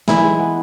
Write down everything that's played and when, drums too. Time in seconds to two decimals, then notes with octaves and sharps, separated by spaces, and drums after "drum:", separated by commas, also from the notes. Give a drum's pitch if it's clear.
0.08 E3 E4 E5, drum: snare
0.24 G#3
0.39 B3